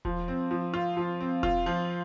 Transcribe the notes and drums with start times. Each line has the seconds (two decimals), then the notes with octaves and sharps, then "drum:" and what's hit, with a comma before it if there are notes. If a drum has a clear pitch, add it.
0.05 F3, drum: kick E1
0.28 C4
0.51 F3
0.74 F4
0.97 F3
1.21 C4
1.43 F4, drum: kick E1
1.66 F3